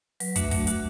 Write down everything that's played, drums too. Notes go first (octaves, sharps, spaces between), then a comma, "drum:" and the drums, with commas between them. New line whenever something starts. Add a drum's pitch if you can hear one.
F#3 B4, drum: open hi-hat
A3 D4 F#4 E5, drum: kick, hi-hat
F#3, drum: kick, open hi-hat
A3 D4 F#4, drum: hi-hat